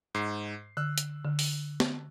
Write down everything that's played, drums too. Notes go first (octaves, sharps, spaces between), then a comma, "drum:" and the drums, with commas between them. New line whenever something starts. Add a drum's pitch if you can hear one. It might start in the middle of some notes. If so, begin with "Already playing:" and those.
G#2 C7
D3 E6 F#6
drum: hi-hat
D3
drum: open hi-hat
drum: snare B3